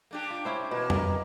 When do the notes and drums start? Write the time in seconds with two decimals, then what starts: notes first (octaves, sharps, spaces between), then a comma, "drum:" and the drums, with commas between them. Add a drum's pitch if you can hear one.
0.11 A#3 D4 G4
0.30 F4
0.45 C#4 E4 C5
0.71 B2 E3 A#3 B4
0.90 A#4 D5 D#5, drum: tom F2